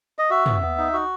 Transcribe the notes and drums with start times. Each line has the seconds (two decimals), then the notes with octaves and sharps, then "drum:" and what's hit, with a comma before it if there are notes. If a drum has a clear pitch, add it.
0.18 D#5
0.30 F#4 E5
0.46 B3, drum: tom
0.62 B3
0.78 D#4
0.93 F#4